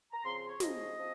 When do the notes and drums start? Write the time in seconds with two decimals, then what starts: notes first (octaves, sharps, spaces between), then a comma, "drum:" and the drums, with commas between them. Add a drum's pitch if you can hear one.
0.12 A#5
0.23 C#3 F3 C4 C6
0.36 C6
0.47 C#5
0.60 C#3 F3 C4 D#5, drum: snare
0.98 F3 C4